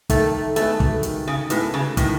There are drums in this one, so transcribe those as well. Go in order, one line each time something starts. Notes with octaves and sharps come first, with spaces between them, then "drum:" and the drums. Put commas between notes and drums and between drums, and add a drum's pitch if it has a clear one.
D#3 A3, drum: kick, hi-hat
G#3 A3 B3 F#4 B4, drum: hi-hat
drum: kick
D#3, drum: hi-hat
C#3
A2 G#3 B3 F#4 B4, drum: hi-hat
C#3
A2 D#3, drum: kick, hi-hat